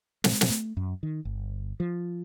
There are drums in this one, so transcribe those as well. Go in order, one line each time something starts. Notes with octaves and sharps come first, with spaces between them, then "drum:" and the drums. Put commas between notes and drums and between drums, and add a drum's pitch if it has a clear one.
G#3, drum: snare
drum: snare
A3
F#2
D#3
G1
F3